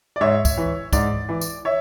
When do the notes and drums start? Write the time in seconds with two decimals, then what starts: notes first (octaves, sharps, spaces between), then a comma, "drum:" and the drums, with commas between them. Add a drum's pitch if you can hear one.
0.16 D5
0.21 G#2 C#5 E5
0.45 drum: kick, tambourine
0.58 E3
0.93 G#2 D5, drum: kick, tambourine
1.29 E3
1.41 drum: tambourine
1.65 C#5 E5